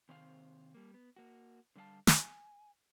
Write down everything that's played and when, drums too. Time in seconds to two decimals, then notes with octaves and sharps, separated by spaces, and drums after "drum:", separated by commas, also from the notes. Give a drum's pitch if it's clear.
0.09 C3 D#3 C4 C5 F5
0.74 G3 A#3
0.94 B3
1.16 A#3 F#4
1.76 D3 G3 A3 F5 A5
2.07 G#5, drum: snare